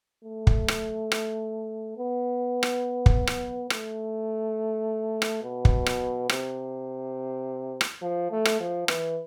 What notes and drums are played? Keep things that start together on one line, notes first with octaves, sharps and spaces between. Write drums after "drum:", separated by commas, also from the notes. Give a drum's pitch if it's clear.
A3
drum: kick
drum: rim click
drum: rim click
B3
drum: rim click
drum: kick
drum: rim click
A3, drum: rim click
drum: rim click
B2
drum: kick
drum: rim click
C3, drum: rim click
drum: rim click
F3
A3
drum: rim click
F3
E3, drum: rim click